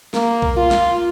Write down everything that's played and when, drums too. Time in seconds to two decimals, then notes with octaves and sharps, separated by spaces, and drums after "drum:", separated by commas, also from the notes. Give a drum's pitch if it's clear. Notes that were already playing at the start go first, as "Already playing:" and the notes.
0.14 A#3, drum: snare
0.42 drum: kick B1
0.57 F4
0.71 drum: snare